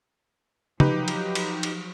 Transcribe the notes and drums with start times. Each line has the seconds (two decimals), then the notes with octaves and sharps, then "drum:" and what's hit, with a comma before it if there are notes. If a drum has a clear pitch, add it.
0.80 F3 F#3 D#4 G4 B4, drum: tom
1.08 drum: cymbal
1.35 drum: cymbal
1.63 drum: cymbal